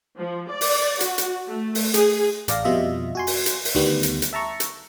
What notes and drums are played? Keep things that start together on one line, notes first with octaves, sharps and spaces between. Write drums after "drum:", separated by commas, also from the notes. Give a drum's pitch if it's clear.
F3
D5
drum: open hi-hat
F#4, drum: hi-hat
drum: hi-hat
A3
drum: open hi-hat
G#4, drum: hi-hat
A1 D5 F5 A#6, drum: hi-hat
F2 B2 G3 F4 D#5 E5
F#4 G#5 C6
drum: open hi-hat
drum: hi-hat
drum: open hi-hat
D2 D#3 G3 B3
drum: hi-hat
drum: hi-hat
E5 A5 A#5 C#6
drum: hi-hat